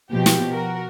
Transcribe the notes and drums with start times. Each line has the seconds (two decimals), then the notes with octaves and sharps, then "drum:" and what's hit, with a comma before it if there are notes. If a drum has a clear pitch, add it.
0.10 B2 F3 G4
0.26 drum: snare
0.52 F#4 A#4